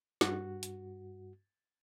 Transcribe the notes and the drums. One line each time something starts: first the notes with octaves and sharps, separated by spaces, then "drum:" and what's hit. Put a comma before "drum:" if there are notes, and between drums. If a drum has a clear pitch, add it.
G2 F#4, drum: snare
drum: hi-hat